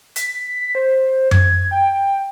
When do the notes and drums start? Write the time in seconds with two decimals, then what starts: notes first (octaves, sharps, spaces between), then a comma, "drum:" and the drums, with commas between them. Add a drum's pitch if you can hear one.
0.16 B6, drum: hi-hat
0.75 C5
1.31 G#6, drum: tom F#2
1.71 G5